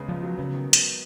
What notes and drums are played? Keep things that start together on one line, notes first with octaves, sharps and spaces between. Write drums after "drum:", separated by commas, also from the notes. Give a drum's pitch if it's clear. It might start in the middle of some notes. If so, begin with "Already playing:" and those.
Already playing: C#3 G#3 B3
C#2 F3
F#3
C#3 B3
D#3
drum: hi-hat